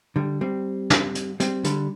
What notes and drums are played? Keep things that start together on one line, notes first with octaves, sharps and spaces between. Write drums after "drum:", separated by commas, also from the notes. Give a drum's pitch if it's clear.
D3 G3
G3 C4
drum: snare
drum: hi-hat
G3 C4, drum: hi-hat
D3 G3, drum: hi-hat